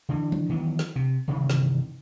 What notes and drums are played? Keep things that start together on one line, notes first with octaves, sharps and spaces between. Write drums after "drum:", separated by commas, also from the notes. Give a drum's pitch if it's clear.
D3 E3
drum: tom
D#3 E3 F#3 B3
drum: snare
C3
G1 C3 D#3 E3
drum: snare